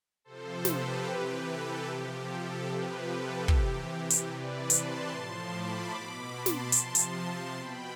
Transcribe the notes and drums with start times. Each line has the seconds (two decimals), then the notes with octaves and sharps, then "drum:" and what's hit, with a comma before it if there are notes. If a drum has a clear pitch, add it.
0.24 C3 F3 A4 C5
0.65 G4 B4, drum: snare
1.06 C3 E3
1.46 A4
1.87 C3 F3 G4
2.27 A4
2.68 C3 F3 G4 B4
3.08 A4
3.48 C3 E3 G4, drum: kick
4.10 drum: hi-hat
4.29 C3 E3 B4 D5
4.70 A5 C6, drum: hi-hat
5.10 A2 F3 A5 C6
5.50 B5 D6
5.91 B2
6.32 A5 C6
6.46 drum: snare
6.72 C3 F3, drum: hi-hat
6.95 drum: hi-hat
7.53 B2 G5 B5